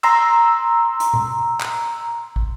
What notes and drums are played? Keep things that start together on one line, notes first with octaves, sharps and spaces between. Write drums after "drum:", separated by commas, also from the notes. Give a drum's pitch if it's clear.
A#5 C6 E6, drum: cymbal
drum: hi-hat
drum: tom A#2
drum: clap
drum: kick